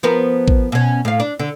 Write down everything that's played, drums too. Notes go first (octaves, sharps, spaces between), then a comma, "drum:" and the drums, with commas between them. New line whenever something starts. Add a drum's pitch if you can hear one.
F3 B3 A#4
drum: kick
B2 C#4
A2 F5
D4
D3